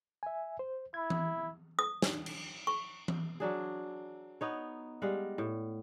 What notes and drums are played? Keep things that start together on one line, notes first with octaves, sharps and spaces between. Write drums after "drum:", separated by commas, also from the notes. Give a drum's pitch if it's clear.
E5 G#5
C5
E4 G#6
drum: tom E3
D#6
drum: snare
drum: cymbal
C#6
drum: tom E3
F#3 D4 G#4
B3 D#4 C#5
G3 G#3 F5 F#5
A2